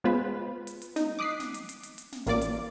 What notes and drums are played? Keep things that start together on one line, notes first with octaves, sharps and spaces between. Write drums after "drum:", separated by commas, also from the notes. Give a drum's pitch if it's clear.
G#3 B3 F4 B4 C5
drum: hi-hat
drum: hi-hat
D#4, drum: snare
D6 D#6 F#6 B6 C7
drum: snare
drum: hi-hat
drum: hi-hat
drum: hi-hat
drum: hi-hat
drum: snare
A1 A#3 F4 D5 D6, drum: snare
drum: hi-hat